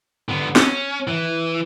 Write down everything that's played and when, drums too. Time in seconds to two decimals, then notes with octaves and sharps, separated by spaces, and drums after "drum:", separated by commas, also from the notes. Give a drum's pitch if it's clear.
0.29 D3 B3
0.56 C#4, drum: snare
1.08 E3